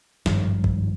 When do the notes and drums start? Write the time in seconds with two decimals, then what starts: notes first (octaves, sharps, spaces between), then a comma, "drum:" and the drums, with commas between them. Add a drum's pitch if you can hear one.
0.26 G#1 G2 D#3 F3, drum: snare
0.64 drum: kick